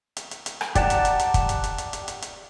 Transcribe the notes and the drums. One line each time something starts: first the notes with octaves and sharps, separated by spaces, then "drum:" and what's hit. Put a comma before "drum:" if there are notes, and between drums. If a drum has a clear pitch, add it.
drum: hi-hat
drum: hi-hat
drum: hi-hat
drum: rim click
G4 D5 F#5 A5 A#5, drum: kick, hi-hat
drum: hi-hat
drum: hi-hat
drum: hi-hat
drum: kick, hi-hat
drum: hi-hat
drum: hi-hat
drum: hi-hat
drum: hi-hat
drum: hi-hat
drum: hi-hat